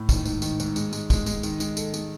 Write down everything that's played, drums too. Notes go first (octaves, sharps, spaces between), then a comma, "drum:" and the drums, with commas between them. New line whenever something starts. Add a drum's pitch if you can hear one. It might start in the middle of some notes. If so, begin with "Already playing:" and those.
Already playing: A2
D#3, drum: kick, tambourine
G#2, drum: tambourine
D#3, drum: tambourine
G#2, drum: tambourine
G#3, drum: tambourine
G#3, drum: tambourine
G#3, drum: kick, tambourine
G#3, drum: tambourine
D#3, drum: tambourine
G#3, drum: tambourine
A4, drum: tambourine
G#3, drum: tambourine